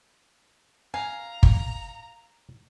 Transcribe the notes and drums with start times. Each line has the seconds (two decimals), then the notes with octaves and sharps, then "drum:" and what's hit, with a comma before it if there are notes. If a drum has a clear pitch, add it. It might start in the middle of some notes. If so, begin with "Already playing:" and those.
0.94 F5 G#5 A#5
1.43 drum: kick G1